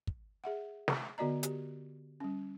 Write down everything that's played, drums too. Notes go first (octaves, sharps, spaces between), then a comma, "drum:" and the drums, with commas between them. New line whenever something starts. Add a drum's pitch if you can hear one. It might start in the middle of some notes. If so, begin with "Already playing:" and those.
drum: kick
G#4 E5 F#5
drum: snare
D3 B3 F#4 D5 D#5 A#5
G4, drum: hi-hat
G3 C#4